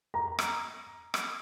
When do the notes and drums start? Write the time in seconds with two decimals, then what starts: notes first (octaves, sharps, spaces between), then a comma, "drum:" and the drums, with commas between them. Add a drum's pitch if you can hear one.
0.14 A#5
0.39 drum: rim click
1.14 drum: rim click